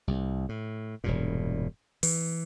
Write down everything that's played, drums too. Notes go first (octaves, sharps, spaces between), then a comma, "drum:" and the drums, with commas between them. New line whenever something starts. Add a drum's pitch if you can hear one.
C2
A2
E1 G2 A#2
E3, drum: open hi-hat